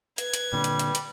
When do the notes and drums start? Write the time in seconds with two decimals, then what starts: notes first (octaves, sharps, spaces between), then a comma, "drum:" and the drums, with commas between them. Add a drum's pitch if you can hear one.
0.18 B4 G#6, drum: hi-hat
0.34 drum: hi-hat
0.53 A#2 D3 G3
0.64 drum: hi-hat
0.79 drum: hi-hat
0.95 drum: hi-hat